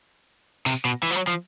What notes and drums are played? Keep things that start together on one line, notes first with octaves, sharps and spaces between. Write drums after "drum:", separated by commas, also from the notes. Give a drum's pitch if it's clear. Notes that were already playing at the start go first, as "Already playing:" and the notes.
C3, drum: tambourine
B2
E3
F3
F#3
F3